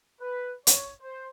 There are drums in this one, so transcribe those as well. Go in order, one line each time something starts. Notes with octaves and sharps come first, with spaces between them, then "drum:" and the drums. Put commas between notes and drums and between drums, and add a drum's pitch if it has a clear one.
B4
C#5, drum: hi-hat
C5